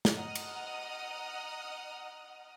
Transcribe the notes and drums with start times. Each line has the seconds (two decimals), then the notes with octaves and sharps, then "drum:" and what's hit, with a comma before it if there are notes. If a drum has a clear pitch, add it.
0.05 drum: snare
0.15 D#5 F#5 A#5 D#6 F6
0.35 drum: cymbal